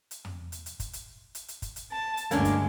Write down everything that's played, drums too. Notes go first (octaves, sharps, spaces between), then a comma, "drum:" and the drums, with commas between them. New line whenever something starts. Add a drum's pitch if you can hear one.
drum: hi-hat
drum: tom
drum: hi-hat
drum: hi-hat
drum: kick F#1, hi-hat
drum: hi-hat
drum: hi-hat
drum: hi-hat
drum: kick F#1, hi-hat
drum: hi-hat
A5
drum: hi-hat
D2 G2 G#3 A#3 C#4 D4, drum: hi-hat
drum: kick F#1, hi-hat